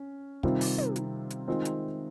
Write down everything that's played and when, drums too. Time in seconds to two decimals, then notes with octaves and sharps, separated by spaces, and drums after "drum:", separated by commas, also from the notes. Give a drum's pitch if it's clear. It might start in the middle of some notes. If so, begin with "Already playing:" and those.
Already playing: C#4
0.43 C3 D#3 G3 C4 F4, drum: kick
0.61 drum: open hi-hat
0.78 drum: tom
0.96 drum: hi-hat
1.30 drum: hi-hat
1.48 D#3 G#3 C4 F4
1.65 drum: hi-hat